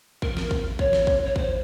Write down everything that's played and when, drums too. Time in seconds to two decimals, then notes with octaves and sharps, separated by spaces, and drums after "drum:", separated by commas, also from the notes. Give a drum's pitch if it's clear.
0.22 A#4, drum: kick
0.37 drum: snare
0.51 drum: kick
0.79 C#5, drum: kick
0.93 drum: snare
1.07 drum: kick
1.25 C#5
1.36 C5, drum: kick